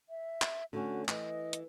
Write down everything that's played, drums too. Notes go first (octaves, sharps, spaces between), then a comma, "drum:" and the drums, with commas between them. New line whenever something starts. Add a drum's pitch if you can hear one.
E5
drum: clap
D3 A3 C#4 F#4
E3 D#5, drum: clap
drum: hi-hat